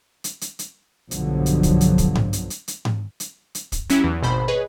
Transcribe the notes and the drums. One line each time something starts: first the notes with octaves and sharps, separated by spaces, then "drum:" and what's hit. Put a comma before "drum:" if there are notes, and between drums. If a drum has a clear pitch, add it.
drum: hi-hat
drum: hi-hat
drum: hi-hat
B1 G2 D3 F3 F#3, drum: hi-hat
drum: hi-hat
drum: kick, hi-hat
drum: hi-hat
drum: kick, hi-hat
drum: tom G#2
drum: hi-hat
drum: hi-hat
drum: hi-hat
drum: tom G#2
drum: hi-hat
drum: hi-hat
drum: kick, hi-hat
F#3 C#4 E4 G4, drum: hi-hat
E2 E3
G#1 B2 C5 B5
G#4 B4 C#5 D#5